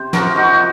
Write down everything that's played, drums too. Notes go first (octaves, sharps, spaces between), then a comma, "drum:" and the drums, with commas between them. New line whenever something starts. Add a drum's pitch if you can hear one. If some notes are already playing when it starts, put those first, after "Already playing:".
Already playing: C3 C5
F3 F#4 A#4, drum: snare
D#4 F#4